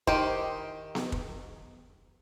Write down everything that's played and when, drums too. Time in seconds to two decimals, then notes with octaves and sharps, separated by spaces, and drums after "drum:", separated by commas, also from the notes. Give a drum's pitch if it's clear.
0.07 D#3 G4 C5, drum: kick
0.95 drum: snare B3
1.12 drum: kick